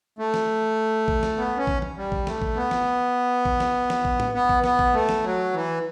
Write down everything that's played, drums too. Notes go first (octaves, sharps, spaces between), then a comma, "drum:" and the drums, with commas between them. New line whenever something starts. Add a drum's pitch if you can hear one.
A3
drum: snare
drum: kick A#1
drum: snare
B3
C#4
drum: kick A#1
drum: tom E3
G3
drum: kick A#1
A3, drum: snare
drum: kick A#1
B3
drum: snare
drum: kick A#1
drum: snare
drum: snare
drum: kick A#1
drum: tom A2
B3
drum: kick A#1
B3, drum: snare
drum: kick A#1
A3
drum: snare
F#3
E3